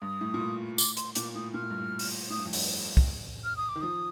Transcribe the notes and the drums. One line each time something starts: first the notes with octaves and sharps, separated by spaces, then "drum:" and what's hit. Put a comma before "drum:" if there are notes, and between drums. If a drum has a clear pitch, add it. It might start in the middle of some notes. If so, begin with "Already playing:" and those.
G2 D#6
A2
A#2
A2
D6, drum: tambourine
C6, drum: hi-hat
A#2 D6, drum: hi-hat
A2 D#6
A#2 F6
A2
G2
A2
drum: open hi-hat
A2 D#6
G2
F2
G2, drum: open hi-hat
drum: kick
F6
D#6
D6
D#3
F3 D#6